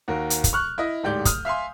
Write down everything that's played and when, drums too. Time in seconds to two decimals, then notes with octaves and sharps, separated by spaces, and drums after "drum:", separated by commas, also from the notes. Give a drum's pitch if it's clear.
0.08 D#2 F#4 A#4
0.30 drum: hi-hat
0.44 drum: kick, hi-hat
0.53 C#6 F6 F#6
0.78 E4 D#5
1.03 D1 G#2 G4 D5 G6
1.25 D#6 F6, drum: kick, hi-hat
1.45 E5 F5 G#5 C6